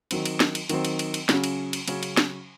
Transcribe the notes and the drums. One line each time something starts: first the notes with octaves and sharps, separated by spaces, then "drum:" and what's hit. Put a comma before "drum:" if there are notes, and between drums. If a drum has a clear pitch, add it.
D#3 F#3 C4, drum: cymbal
drum: cymbal
drum: snare
drum: cymbal
D#3 F#3 C4, drum: cymbal
drum: cymbal
drum: cymbal
drum: cymbal
C#3 F#3 C#4, drum: snare
drum: cymbal
drum: cymbal
C#3 F#3 C#4, drum: cymbal
drum: cymbal
drum: snare